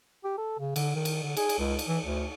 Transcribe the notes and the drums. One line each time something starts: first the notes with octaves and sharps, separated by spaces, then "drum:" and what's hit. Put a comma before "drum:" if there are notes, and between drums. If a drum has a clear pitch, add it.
G4
A4
C#3
D3, drum: cymbal
D#3
drum: cymbal
D3
G#4, drum: cymbal
drum: cymbal
C#2
drum: cymbal
E3
D2